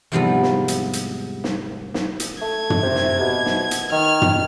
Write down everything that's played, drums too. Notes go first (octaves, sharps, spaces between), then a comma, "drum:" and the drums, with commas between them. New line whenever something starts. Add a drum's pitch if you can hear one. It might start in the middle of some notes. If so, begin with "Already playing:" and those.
E2 G#2 C3 F3 G3 B3
drum: snare
drum: hi-hat
drum: hi-hat
drum: snare
drum: snare
drum: hi-hat
A3 G#6
drum: tom
C3
drum: snare
B2
drum: snare
drum: hi-hat
D#3 F6
drum: tom